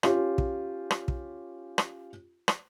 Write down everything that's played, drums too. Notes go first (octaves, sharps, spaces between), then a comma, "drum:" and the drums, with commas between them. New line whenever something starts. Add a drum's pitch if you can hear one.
C#4 F4 G4, drum: rim click
drum: kick
drum: rim click
drum: kick
drum: rim click
drum: rim click